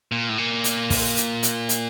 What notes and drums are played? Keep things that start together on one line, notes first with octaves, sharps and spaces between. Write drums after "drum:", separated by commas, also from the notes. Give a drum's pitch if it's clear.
A#2
A2
A#2
drum: hi-hat
drum: kick, open hi-hat
drum: hi-hat
drum: hi-hat
drum: hi-hat